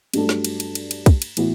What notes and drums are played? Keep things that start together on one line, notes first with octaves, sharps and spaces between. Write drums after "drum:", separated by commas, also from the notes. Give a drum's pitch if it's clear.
G2 F#3 A3 D4 A4, drum: cymbal
drum: snare
drum: cymbal
drum: cymbal
drum: cymbal
drum: cymbal
drum: kick, cymbal
drum: cymbal
A2 E3 B3 F#4, drum: cymbal